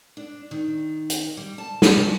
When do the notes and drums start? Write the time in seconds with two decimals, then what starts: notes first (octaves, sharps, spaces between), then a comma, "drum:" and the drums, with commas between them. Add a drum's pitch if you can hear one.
0.17 D4
0.51 D#3
1.10 drum: hi-hat
1.37 G3
1.58 A5
1.82 drum: snare